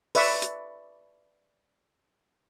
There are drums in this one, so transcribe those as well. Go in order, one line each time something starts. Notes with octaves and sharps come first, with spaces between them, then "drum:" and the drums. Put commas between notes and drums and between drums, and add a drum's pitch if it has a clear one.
B4 D5 E5 C#6, drum: open hi-hat
drum: hi-hat